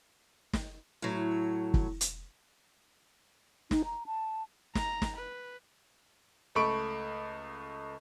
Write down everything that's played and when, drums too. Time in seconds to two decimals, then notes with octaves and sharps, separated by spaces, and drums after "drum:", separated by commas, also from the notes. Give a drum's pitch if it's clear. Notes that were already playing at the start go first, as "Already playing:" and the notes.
0.53 drum: snare
1.02 A2 F#3
1.74 drum: kick
2.01 drum: hi-hat
3.71 D#4, drum: snare
3.85 A#5
4.06 A5
4.75 A#5, drum: snare
5.02 drum: snare
5.16 B4
6.55 C#2 A3 A4 B5 C#6 D7